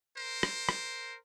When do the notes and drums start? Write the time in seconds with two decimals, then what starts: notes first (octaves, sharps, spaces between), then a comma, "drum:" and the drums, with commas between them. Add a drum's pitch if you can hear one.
0.18 A#4 C5
0.43 drum: rim click
0.69 drum: rim click